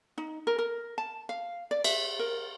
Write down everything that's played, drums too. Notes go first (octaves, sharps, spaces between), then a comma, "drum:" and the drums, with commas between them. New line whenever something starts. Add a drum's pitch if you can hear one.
D#4
A#4
A#4
A5
F5
D5
E5, drum: cymbal
A#4